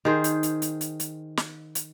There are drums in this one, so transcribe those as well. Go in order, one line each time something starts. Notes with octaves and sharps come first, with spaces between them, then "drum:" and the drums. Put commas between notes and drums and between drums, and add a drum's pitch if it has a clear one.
D#3 G#4 C5
drum: hi-hat
drum: hi-hat
drum: hi-hat
drum: hi-hat
drum: hi-hat
drum: snare
drum: hi-hat